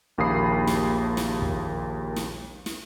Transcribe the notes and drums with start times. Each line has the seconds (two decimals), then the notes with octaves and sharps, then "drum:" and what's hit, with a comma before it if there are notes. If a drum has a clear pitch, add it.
0.18 A#1 D#2 A#3 B5 D#6 C7
0.67 drum: snare
1.17 drum: snare
1.42 drum: kick
2.16 drum: snare
2.66 drum: snare